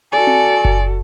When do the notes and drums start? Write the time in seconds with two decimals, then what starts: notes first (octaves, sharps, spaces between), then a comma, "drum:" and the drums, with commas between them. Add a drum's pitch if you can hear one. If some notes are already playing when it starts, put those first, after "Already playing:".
0.12 F#4 A4 D5 G#5
0.27 drum: tom C4
0.65 drum: kick F#1